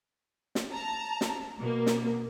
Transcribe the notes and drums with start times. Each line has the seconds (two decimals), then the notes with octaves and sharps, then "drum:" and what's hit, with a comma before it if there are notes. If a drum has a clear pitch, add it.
0.55 drum: snare
0.72 A5 A#5
1.21 drum: snare
1.58 B2 A#3
1.86 drum: snare